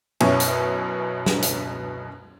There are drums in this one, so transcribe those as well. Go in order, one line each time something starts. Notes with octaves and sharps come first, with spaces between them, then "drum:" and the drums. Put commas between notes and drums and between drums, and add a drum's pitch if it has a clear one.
F#2 B2 C#4 E4, drum: cymbal
drum: hi-hat
drum: snare
drum: hi-hat